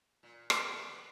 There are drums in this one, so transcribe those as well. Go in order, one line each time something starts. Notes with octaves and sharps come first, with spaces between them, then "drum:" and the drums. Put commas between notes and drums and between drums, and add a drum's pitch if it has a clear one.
A#2
C#3, drum: rim click
A#3
B3